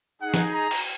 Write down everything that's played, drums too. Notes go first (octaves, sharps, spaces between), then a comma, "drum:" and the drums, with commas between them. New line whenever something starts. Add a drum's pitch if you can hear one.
D#4 G#4 F#5
drum: snare
A#5
drum: cymbal